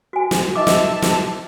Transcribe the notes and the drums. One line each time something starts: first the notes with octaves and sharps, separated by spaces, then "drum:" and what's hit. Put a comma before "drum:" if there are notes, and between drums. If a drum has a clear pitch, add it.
F#4 G#5
drum: snare
D#4 D#5 E5 A5 D6
drum: snare
drum: snare